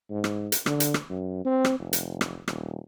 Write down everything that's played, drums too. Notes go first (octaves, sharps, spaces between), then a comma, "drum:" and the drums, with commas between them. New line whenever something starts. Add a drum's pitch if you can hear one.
G#2
drum: rim click
drum: hi-hat
D3, drum: rim click
drum: hi-hat
drum: rim click
F#2
C4
drum: rim click
F1
drum: hi-hat
drum: rim click
D#1, drum: rim click